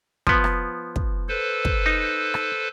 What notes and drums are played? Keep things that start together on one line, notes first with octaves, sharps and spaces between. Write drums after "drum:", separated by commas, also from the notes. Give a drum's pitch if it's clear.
F3 B3, drum: kick
drum: rim click
drum: kick
A4 B4 C5
drum: kick
D#4
drum: rim click